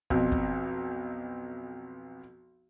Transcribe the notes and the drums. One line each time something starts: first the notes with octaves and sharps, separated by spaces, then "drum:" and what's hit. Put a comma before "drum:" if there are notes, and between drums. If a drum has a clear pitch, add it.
B1 F2, drum: kick
drum: kick